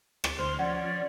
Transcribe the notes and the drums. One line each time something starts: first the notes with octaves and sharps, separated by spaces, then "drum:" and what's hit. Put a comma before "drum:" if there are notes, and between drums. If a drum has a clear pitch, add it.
D5, drum: rim click
D2 C5 C6 F6
F3 C#4 D5 F#5